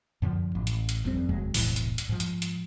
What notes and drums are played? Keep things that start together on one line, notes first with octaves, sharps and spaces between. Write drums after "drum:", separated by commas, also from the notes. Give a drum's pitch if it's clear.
F#2 D3 F3
A1
drum: hi-hat
drum: hi-hat
G1 F2 G3 C4
E1 D#2 F#3 G#3
E1 C2 A2 E3, drum: open hi-hat
drum: hi-hat
drum: hi-hat
G#2 F3
drum: hi-hat
drum: hi-hat